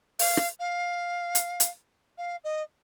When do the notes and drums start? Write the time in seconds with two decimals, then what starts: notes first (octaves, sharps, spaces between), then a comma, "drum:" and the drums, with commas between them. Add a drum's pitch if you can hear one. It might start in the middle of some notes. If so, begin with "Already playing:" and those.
0.19 F5, drum: open hi-hat
0.37 drum: rim click
0.60 F5
1.35 drum: hi-hat
1.60 drum: hi-hat
2.18 F5
2.44 D#5